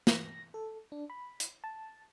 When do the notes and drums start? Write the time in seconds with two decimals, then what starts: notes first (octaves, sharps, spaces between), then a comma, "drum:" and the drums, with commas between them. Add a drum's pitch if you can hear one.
0.07 A#6, drum: snare
0.54 A4
0.92 D4
1.10 B5
1.40 drum: hi-hat
1.64 A5